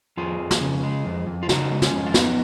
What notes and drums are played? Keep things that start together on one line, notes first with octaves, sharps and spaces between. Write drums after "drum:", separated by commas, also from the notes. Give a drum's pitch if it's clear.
F2 F4 G#4
F2
drum: snare
C#3
G#3
F2
F2
F4
C#3 D#4 F#4, drum: snare
G#3
C#4 F4, drum: snare
F2
F4
F2 B3 D#4, drum: snare